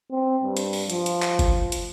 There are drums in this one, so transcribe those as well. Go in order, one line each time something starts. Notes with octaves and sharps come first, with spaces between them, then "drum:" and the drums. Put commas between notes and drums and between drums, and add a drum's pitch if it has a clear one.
C4
G2
drum: hi-hat
drum: open hi-hat
F3, drum: hi-hat
drum: hi-hat
drum: clap
drum: kick F#1, hi-hat
drum: hi-hat